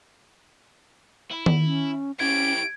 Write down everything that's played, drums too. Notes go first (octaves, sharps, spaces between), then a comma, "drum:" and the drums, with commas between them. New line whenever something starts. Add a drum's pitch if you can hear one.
E4
drum: tom D#3
C#4
C#4 E4 G4 G#6 D7